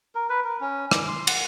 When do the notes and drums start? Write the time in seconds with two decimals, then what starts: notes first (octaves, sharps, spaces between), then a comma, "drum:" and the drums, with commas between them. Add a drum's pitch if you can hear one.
0.15 A#4
0.30 B4
0.44 A#4
0.60 C#4
0.91 D6, drum: rim click
1.08 C6
1.27 F#5, drum: cymbal